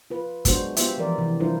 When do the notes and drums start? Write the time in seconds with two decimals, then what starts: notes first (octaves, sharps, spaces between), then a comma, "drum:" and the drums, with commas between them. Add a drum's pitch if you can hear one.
0.10 F4 B4
0.45 F#3 G#3 B3 D4 F#4 C5, drum: kick, hi-hat
0.77 B3 F4 G4 C5 E5, drum: hi-hat
0.98 E3 F3 A#4 D5
1.18 C3 E3
1.40 G3 D4 E4 F4 A#4 C5